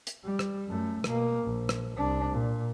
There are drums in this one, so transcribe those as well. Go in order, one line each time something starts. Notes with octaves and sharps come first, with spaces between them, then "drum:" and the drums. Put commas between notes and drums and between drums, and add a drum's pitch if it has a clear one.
drum: hi-hat
G3
drum: rim click
F#2 A3
B2 A#3, drum: rim click
A#1
drum: rim click
C2 D4
A#2